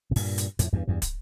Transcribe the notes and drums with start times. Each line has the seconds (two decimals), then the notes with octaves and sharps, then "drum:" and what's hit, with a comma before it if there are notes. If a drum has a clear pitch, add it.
0.11 C3
0.16 G2 A#2, drum: open hi-hat
0.38 drum: hi-hat
0.59 F2 A2, drum: hi-hat
0.73 E2 G2
0.88 E2 G2
1.02 drum: kick, hi-hat